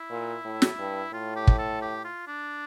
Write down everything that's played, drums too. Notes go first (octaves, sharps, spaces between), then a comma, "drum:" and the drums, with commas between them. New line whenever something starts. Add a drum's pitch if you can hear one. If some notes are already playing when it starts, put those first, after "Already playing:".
Already playing: E4
A#2
A2
drum: snare
G2
A2 F4
G4
drum: kick
A4
G4
F4
D4